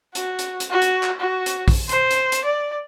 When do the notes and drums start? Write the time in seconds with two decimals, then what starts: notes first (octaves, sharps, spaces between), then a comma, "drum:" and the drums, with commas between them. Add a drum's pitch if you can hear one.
0.15 F#4, drum: hi-hat
0.39 drum: hi-hat
0.60 drum: hi-hat
0.70 F#4
0.82 drum: hi-hat
1.03 drum: clap
1.21 F#4
1.46 drum: hi-hat
1.68 drum: kick, open hi-hat
1.89 C5, drum: hi-hat
2.11 drum: hi-hat
2.32 drum: hi-hat
2.45 D5